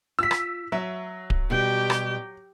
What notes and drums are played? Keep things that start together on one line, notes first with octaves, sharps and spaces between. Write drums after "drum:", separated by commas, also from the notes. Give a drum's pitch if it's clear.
F4 E6 B6
drum: rim click
F#3 E5
drum: kick D1
B2 G3 F#4 G4 G5
drum: rim click